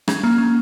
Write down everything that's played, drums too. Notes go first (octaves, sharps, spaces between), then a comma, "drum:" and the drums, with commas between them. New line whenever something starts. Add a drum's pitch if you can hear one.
C#4, drum: rim click
A#3
C#4